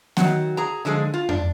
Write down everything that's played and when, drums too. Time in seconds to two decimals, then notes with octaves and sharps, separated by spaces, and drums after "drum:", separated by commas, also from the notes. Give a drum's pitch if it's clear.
0.17 D#3 F#3 F#5, drum: snare B3
0.57 G#4 A#5
0.85 D3 F3 G#3 D4 G#4
1.14 F4
1.29 D4, drum: tom F2